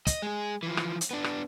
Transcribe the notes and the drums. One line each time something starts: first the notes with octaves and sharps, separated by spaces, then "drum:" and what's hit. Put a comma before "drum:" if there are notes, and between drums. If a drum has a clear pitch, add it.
D#5, drum: kick, hi-hat
G#3 G#4
E3 F3
drum: rim click
drum: hi-hat
B3 D4
drum: rim click